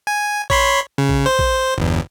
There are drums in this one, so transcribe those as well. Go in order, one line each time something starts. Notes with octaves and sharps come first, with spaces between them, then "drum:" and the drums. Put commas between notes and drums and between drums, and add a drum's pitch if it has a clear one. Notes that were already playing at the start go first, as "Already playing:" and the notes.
G#5
C#5 B5 C6, drum: kick A#1
C#3
drum: kick A#1
C5
drum: kick A#1
G1 E2